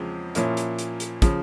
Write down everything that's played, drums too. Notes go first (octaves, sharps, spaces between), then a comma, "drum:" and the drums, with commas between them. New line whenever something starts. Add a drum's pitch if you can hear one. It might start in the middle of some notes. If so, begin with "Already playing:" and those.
Already playing: E2 C#3 F3 G#3 C4
A#2 F3 A#3 C#4 E4, drum: hi-hat
drum: hi-hat
drum: hi-hat
drum: hi-hat
C#3 F3, drum: kick, hi-hat